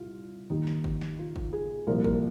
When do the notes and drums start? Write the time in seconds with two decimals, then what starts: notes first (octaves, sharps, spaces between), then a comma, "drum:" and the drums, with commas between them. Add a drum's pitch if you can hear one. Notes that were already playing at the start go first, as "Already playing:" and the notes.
Already playing: C2 F4
0.50 D#2 D#3 D#4
0.67 drum: snare
0.84 drum: kick G1
1.01 drum: snare
1.19 F4
1.36 drum: kick G1
1.53 G#4
1.87 C2 A#2 F3 A#4
2.04 A#4, drum: kick G1